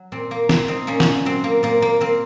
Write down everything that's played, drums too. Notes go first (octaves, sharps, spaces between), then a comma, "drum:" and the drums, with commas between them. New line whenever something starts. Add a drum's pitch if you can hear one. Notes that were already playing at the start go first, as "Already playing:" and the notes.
Already playing: F#3
A#2 C4
A#3
A#3 C4, drum: snare
C4 D#4
A#2 A#3 C#4
drum: snare
F#3 C4
A#3
A#2 A#3
A#3
A#3 C4